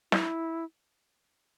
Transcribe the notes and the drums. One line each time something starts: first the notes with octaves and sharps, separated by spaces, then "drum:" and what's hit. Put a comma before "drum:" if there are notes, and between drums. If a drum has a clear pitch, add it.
E4, drum: snare